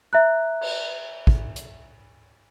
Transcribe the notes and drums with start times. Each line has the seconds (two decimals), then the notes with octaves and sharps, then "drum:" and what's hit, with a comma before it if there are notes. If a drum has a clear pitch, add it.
0.13 E5 A#5 F#6
0.61 drum: cymbal
1.27 drum: kick
1.56 drum: hi-hat